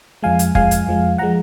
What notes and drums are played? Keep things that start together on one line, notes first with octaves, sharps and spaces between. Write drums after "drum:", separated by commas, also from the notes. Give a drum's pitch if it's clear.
F2 F3 G#3 F5 G#5
drum: hi-hat
F2 F3 G#3 F5 G#5, drum: kick F1
drum: hi-hat
F2 F3 G#3
F3 G#3 F#5 A#5